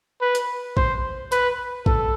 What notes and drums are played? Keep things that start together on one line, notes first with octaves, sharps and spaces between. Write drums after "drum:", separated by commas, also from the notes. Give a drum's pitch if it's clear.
B4
drum: hi-hat
C5, drum: kick A1
B4, drum: hi-hat
A4, drum: kick A1